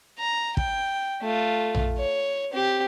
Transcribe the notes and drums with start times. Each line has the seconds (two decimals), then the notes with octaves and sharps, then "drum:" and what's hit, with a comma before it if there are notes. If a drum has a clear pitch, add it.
0.19 A#5
0.57 G5, drum: kick
1.22 A3 F4
1.75 drum: tom A#1
1.98 C#5
2.52 C4 G4